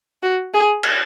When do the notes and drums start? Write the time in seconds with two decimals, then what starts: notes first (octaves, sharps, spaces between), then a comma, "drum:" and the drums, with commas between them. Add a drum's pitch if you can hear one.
0.23 F#4
0.54 G#4
0.83 drum: cymbal